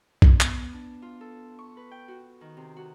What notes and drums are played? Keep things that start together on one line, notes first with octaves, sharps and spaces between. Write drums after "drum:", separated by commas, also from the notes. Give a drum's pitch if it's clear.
drum: kick
B3, drum: clap
D4
F4
A4
C#6
B4
G5
F#4
D#3
C3
F#4